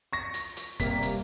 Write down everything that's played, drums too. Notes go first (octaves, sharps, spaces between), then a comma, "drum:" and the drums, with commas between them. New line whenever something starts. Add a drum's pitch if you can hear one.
C#6 A#6
drum: hi-hat
drum: hi-hat
C3 G3 A#3 B6, drum: kick, hi-hat
drum: hi-hat